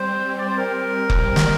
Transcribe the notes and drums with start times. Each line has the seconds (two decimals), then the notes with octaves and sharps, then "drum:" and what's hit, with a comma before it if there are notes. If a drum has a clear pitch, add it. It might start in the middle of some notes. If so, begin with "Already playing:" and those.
Already playing: G3 C4 G4 C5
0.38 D5
0.47 C5
0.57 A#4
1.10 drum: kick F1
1.36 drum: snare